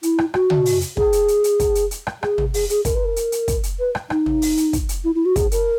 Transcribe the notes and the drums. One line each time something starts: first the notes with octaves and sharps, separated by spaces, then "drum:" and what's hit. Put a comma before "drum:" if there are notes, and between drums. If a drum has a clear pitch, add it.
E4, drum: hi-hat
drum: rim click
F#4, drum: rim click
drum: tom
drum: open hi-hat
drum: hi-hat
G#4, drum: kick
drum: hi-hat
drum: hi-hat
drum: hi-hat
drum: kick, hi-hat
drum: hi-hat
drum: hi-hat
drum: rim click
G#4, drum: rim click
drum: tom
G#4, drum: open hi-hat
G#4, drum: hi-hat
A#4, drum: kick, hi-hat
B4
A#4
drum: hi-hat
drum: hi-hat
drum: kick, hi-hat
drum: hi-hat
B4
drum: rim click
D#4, drum: rim click
drum: tom
drum: open hi-hat
drum: hi-hat
drum: kick, hi-hat
drum: hi-hat
E4
E4
F#4
G#4, drum: kick, hi-hat
A#4, drum: hi-hat